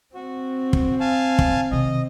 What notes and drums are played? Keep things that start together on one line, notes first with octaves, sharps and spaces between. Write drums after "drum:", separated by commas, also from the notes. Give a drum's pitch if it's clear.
C4 F#4
drum: kick
F5 G#5 A5
drum: kick
C3 D#3 D#5